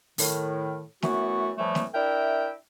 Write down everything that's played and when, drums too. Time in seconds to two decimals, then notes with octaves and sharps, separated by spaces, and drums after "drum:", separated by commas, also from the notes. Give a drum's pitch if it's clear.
0.18 A2 D#3, drum: open hi-hat
1.02 F#2 E3 A3 B3 F#4, drum: snare
1.57 A2 E3 F3 G3 A3
1.75 drum: snare
1.93 D4 E4 A#4 E5 G5